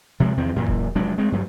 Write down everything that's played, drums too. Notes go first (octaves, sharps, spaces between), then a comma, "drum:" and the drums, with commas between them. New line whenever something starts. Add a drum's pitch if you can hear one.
C3 F3 G#3
E2 D#3 C4
F#2 A#2 E3
drum: kick D#1
F1 F#3 G#3 D4
G#3 A3 C4
G2 F#3 A3